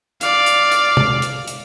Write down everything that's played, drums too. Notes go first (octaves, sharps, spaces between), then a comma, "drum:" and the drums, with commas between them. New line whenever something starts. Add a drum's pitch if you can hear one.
D5 F5, drum: hi-hat
drum: hi-hat
drum: hi-hat
drum: tom
drum: hi-hat
drum: hi-hat